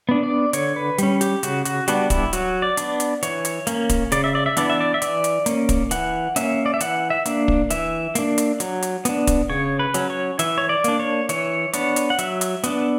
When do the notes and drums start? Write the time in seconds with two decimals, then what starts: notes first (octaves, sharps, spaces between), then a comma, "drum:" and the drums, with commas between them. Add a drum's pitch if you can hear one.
0.09 B3 D4
0.23 D5
0.53 D3 C#5, drum: hi-hat
0.76 B4
0.98 G3 C#4, drum: hi-hat
1.21 G4, drum: hi-hat
1.43 C#3 F#4, drum: hi-hat
1.65 F#4, drum: hi-hat
1.88 G3 B3 D4 F#4, drum: hi-hat
2.10 E4, drum: kick, hi-hat
2.33 F#3 F#4, drum: hi-hat
2.62 D5
2.77 B3 D4, drum: hi-hat
3.00 drum: hi-hat
3.23 E3 C#5, drum: hi-hat
3.45 drum: hi-hat
3.67 A#3 C#4, drum: hi-hat
3.89 drum: kick, hi-hat
4.12 C#3 D5, drum: hi-hat
4.24 E5
4.35 D5
4.46 E5
4.57 E3 B3 D4 D5, drum: hi-hat
4.70 E5
4.80 D5
4.94 E5
5.02 E3 D5, drum: hi-hat
5.24 drum: hi-hat
5.46 A#3 C#4, drum: hi-hat
5.69 drum: kick, hi-hat
5.91 E3 F#5, drum: hi-hat
6.36 A#3 C#4 E5, drum: hi-hat
6.66 D5
6.74 E5
6.80 E3 F#5, drum: hi-hat
7.10 E5
7.26 A#3 D4, drum: hi-hat
7.48 drum: kick
7.70 E3 E5, drum: hi-hat
8.15 A#3 D4, drum: hi-hat
8.38 drum: hi-hat
8.60 F#3, drum: hi-hat
8.83 drum: hi-hat
9.05 B3 D4, drum: hi-hat
9.27 drum: kick, hi-hat
9.50 C#3 C#5
9.79 B4
9.94 F#3 C#4, drum: hi-hat
10.10 C#5
10.39 E3 E5, drum: hi-hat
10.58 C#5
10.69 D5
10.84 A#3 D4, drum: hi-hat
11.00 C#5
11.29 E3 C#5, drum: hi-hat
11.73 B3 D4 C#5, drum: hi-hat
11.96 drum: hi-hat
12.10 F#5
12.19 F#3 E5, drum: hi-hat
12.41 drum: hi-hat
12.64 B3 D4, drum: hi-hat